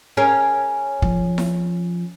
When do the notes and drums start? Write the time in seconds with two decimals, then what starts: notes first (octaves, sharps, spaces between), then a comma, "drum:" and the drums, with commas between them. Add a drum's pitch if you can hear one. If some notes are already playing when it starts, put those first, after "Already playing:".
0.17 C#4 G#4 A#4
1.02 F3, drum: kick
1.38 drum: snare E4